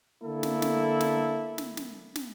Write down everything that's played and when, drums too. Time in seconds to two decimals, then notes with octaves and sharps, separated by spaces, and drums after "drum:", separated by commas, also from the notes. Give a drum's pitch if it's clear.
0.24 D3 A#3 E4 A4
0.43 drum: snare
0.62 drum: snare
1.01 drum: snare
1.58 drum: snare
1.77 drum: snare
2.16 drum: snare